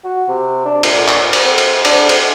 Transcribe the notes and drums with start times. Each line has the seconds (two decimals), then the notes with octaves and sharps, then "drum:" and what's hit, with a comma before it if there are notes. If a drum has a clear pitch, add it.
0.04 F#4
0.28 C3
0.66 D4
0.83 A#2, drum: cymbal
1.08 drum: clap
1.33 drum: cymbal
1.44 C4
1.58 drum: cymbal
1.85 D4, drum: cymbal
2.09 C4, drum: cymbal